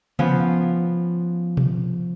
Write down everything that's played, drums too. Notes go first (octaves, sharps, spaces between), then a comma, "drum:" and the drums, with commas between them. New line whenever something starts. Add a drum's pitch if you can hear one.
F3 B3 C#4, drum: tom C3
drum: tom B2